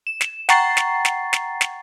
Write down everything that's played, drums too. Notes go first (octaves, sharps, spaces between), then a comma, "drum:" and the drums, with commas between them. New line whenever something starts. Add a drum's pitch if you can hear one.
E7
drum: snare
F#5 G5 A#5 C#6 A6 C7, drum: snare
drum: snare
drum: snare
drum: snare
drum: snare